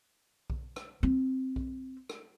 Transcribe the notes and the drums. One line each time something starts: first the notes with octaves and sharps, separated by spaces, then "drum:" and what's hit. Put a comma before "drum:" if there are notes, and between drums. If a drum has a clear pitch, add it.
drum: kick B1
drum: rim click
C4
drum: kick B1
drum: rim click